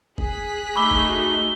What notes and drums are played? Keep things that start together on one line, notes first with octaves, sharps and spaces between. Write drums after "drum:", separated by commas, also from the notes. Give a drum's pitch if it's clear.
G#4 F#6 B6, drum: kick F#1
A3 D#4 B5 C#6 D6 E6 G7
drum: kick F#1
F#4